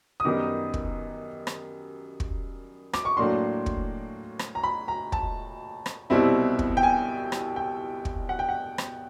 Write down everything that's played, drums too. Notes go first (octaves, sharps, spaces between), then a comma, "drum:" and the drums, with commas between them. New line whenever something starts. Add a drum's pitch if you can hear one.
D#6
F#2 D#3 G3 B3 D#4 D6
drum: kick
drum: rim click
drum: kick
D6, drum: rim click
C#6
A2 F#3 A#3 D4 C6
drum: kick
drum: rim click
A#5
B5
A#5
A5, drum: kick
drum: rim click
C2 B2 G3 C4 E4
drum: kick
G5
G#5
drum: rim click
G5
drum: kick
F#5
G5
F#5
drum: rim click